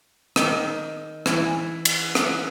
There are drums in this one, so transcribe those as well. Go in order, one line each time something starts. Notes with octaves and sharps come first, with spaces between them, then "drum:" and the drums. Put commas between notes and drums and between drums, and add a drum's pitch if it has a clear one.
D#3, drum: rim click
E3, drum: rim click
drum: cymbal
drum: rim click